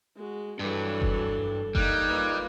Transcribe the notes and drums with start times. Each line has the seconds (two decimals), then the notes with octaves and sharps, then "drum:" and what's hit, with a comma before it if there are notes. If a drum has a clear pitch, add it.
0.16 G#3 F#4
0.59 G2 E3 F#3 D4 A4
1.02 drum: kick F#1
1.75 G3 A#3 D#4 F#6 G#6, drum: kick F#1
2.08 A#3 F4 B4